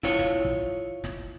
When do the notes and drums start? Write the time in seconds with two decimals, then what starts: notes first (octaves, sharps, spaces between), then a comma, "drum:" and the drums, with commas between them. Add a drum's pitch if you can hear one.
0.03 E4 F4 C#5, drum: snare
0.19 drum: snare
0.45 drum: kick
1.04 drum: snare